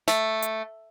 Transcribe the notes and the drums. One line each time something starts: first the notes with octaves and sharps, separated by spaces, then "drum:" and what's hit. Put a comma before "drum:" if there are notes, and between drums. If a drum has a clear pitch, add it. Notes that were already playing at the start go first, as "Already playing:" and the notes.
A3, drum: snare
drum: hi-hat